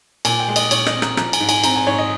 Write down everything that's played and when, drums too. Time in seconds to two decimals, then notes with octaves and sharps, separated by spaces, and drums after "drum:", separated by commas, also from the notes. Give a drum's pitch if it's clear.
0.25 A#2 G#5, drum: cymbal
0.40 G5
0.48 G#3
0.56 D#5, drum: cymbal
0.71 A#2 C#5, drum: cymbal
0.87 D#5, drum: rim click
0.95 C4
1.02 A#5, drum: rim click
1.17 F3 A#5, drum: rim click
1.33 G#5, drum: cymbal
1.40 G#2
1.49 G#5, drum: cymbal
1.64 C4 A#5, drum: cymbal
1.76 G#5
1.87 G#2 C#5
1.98 D#5